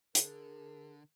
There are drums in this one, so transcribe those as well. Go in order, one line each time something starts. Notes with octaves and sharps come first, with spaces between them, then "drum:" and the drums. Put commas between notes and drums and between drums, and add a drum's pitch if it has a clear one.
D3 G#4 A#4, drum: hi-hat